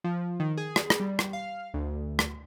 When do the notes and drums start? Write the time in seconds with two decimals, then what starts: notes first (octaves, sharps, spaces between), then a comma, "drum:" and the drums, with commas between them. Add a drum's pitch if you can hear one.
0.04 F3
0.40 D#3
0.57 G#4
0.76 drum: rim click
0.90 drum: rim click
1.00 G3
1.19 drum: rim click
1.33 F5
1.74 D2
2.19 drum: rim click